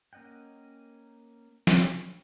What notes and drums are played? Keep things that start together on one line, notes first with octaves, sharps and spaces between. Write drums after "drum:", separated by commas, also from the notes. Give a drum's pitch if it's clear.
A#3 C#4 D#5 F#5 G5
drum: snare